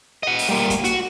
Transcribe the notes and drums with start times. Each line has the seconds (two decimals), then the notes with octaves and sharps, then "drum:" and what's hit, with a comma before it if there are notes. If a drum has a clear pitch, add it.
0.23 D#5 F#5
0.39 drum: open hi-hat
0.49 G3 A#3
0.70 drum: kick, hi-hat
0.84 F#4, drum: hi-hat